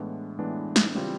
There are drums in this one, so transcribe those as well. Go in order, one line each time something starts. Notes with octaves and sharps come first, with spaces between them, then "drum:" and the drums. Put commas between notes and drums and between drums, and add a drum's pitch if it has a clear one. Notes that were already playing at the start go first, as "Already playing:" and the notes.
Already playing: A2 E3 G#3 B3 D4
A2 E3 G#3 B3 D4
drum: snare
C#3 E3 G3 C4 F4